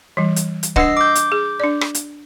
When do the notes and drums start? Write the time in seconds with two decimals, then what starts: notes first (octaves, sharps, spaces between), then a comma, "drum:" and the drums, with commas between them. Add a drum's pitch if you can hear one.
0.17 E3 G3
0.36 drum: hi-hat
0.63 drum: hi-hat
0.76 D4 B4 D#5 F#5 E6 C7, drum: kick
0.97 D6 G6
1.15 drum: hi-hat
1.32 G#4
1.60 D4 D5
1.81 drum: rim click
1.95 drum: hi-hat